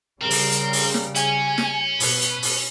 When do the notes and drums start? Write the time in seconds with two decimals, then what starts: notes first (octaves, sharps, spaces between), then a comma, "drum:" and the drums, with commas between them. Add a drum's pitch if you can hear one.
0.21 C#3 G3 C4 A#4
0.30 drum: open hi-hat
0.52 drum: hi-hat
0.73 drum: open hi-hat
0.94 drum: snare
1.15 C#4 G#5, drum: hi-hat
1.58 drum: snare
2.00 B2 B4, drum: open hi-hat
2.21 drum: hi-hat
2.42 drum: open hi-hat